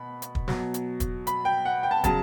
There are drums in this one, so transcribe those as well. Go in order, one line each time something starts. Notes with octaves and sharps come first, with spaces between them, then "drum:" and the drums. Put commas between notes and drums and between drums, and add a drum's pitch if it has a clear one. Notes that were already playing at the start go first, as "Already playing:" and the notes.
Already playing: B2 B5
drum: hi-hat
drum: kick
B2 F#3, drum: snare
drum: hi-hat
drum: kick, hi-hat
B5, drum: hi-hat
G5
F#5
G5
A5
C#3 F#3 A5, drum: kick, hi-hat